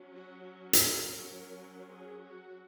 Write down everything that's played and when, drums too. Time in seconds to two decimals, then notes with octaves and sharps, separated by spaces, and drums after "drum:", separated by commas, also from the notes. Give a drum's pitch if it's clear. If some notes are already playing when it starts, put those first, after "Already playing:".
Already playing: F#3 C#4
0.13 F#4
0.43 F#4
0.73 A#4, drum: hi-hat
1.93 G#4
2.23 F#4